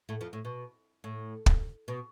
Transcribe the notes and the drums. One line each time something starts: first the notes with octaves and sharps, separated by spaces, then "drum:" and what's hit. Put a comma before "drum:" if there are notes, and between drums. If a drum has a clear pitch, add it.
A2 A3
F2 F3
A2
B2
A2
drum: kick
B2